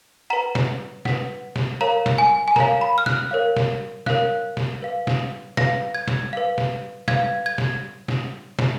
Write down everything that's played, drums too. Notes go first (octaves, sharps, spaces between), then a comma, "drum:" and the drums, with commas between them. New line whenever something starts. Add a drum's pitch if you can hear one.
B4 F#5 A#5
drum: snare
B4 F#5, drum: snare
drum: snare
A#4 C#5 F5 A#5
drum: snare
G#5
G#5
A#4 C#5 F5 A#5, drum: snare
B5
F6
F#6, drum: snare
A#4 C#5 F5
drum: snare
A#4 C#5 F5 F#6, drum: snare
drum: snare
B4 F5
drum: snare
B4 F5 A#6, drum: snare
G#6
drum: snare
B4 F5
drum: snare
B4 F5 G#6, drum: snare
G#6
drum: snare
drum: snare
drum: snare